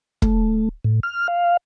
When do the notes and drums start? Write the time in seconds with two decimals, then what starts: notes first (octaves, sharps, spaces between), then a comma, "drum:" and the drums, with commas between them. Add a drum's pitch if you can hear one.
0.22 A3, drum: kick
0.85 A2
1.03 F6
1.28 F5